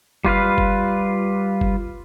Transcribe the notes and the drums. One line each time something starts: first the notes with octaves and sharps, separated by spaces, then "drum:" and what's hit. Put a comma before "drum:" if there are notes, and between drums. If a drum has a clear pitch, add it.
G3 F4 B4 F5, drum: kick F#1
drum: kick F#1
drum: kick F#1